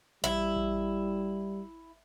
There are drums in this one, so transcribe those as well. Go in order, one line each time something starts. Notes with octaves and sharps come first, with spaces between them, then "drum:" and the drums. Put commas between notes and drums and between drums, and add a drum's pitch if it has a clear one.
G3 E4, drum: kick A1
drum: kick A1